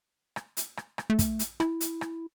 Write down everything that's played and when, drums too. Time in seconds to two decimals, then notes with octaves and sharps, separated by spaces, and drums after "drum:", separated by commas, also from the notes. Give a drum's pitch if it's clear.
0.36 drum: rim click
0.57 drum: hi-hat
0.77 drum: rim click
0.98 drum: rim click
1.10 A3
1.19 drum: kick, hi-hat
1.39 drum: hi-hat
1.60 E4, drum: rim click
1.81 drum: hi-hat
2.01 drum: rim click